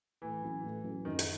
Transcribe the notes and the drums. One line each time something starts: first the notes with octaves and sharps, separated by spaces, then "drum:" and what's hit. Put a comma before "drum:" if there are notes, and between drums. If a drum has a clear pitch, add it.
A2 E3
F#3 C#4 E4 B4
A2
F#3 C#4 E4 B4
F#2 D#3
drum: hi-hat